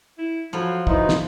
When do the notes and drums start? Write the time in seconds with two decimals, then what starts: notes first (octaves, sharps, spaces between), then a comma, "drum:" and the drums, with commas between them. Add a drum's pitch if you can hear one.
0.18 E4
0.53 F3 F#3 A4 C5 B5
0.87 B2 D#4 E4 B4 C5, drum: kick
1.09 drum: snare